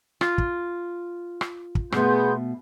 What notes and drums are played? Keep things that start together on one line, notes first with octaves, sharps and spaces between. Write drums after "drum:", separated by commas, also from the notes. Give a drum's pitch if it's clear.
F4, drum: rim click
drum: kick
drum: rim click
drum: kick
B2 A3 B3 G#4 C6 G6, drum: rim click